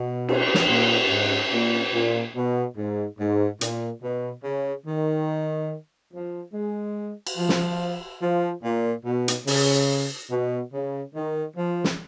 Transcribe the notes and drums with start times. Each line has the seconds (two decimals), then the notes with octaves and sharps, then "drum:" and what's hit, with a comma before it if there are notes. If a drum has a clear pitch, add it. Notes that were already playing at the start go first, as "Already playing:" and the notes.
Already playing: B2
0.28 drum: cymbal
0.54 drum: snare
0.68 A#2
1.10 G#2
1.52 A#2
1.93 A#2
2.36 B2
2.77 G#2
3.19 G#2
3.61 A#2, drum: hi-hat
4.03 B2
4.44 C#3
4.87 D#3
6.13 F3
6.54 G#3
7.27 drum: cymbal
7.38 F3
7.49 drum: snare
8.22 F3
8.64 A#2
9.05 B2
9.28 drum: hi-hat
9.47 C#3, drum: open hi-hat
10.31 B2
10.73 C#3
11.15 D#3
11.56 F3
11.84 drum: snare